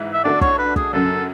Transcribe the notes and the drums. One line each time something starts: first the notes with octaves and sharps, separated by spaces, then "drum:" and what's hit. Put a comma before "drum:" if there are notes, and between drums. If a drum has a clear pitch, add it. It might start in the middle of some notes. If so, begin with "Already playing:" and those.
Already playing: G#2 E3 E4
E5
D3 A3 D4 F#4 D5
C#5, drum: kick
B4
G#4, drum: kick
F#2 C#3 F#3 A4